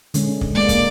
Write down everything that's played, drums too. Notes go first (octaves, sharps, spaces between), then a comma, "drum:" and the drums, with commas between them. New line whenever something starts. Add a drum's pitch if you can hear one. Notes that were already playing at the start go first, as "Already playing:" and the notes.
D3 G#3 C#4, drum: hi-hat
drum: kick
G#3 A#3 D5
drum: kick, hi-hat